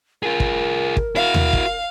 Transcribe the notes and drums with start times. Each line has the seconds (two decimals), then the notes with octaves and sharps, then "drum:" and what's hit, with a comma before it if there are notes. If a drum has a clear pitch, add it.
0.23 F4 G#4 A#4
0.40 drum: kick
0.97 drum: kick
1.15 E4 F#4 F5
1.34 drum: tom D#2
1.53 drum: kick